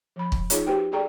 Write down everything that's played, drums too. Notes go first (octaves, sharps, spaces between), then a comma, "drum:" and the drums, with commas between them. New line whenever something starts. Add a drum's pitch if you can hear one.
F3 B5
drum: kick
D#4 F4 G#4 C#5 C#6, drum: hi-hat
F#4 G4 B4 C5 G5
G#4 A4 D5 G5 A#5 C#6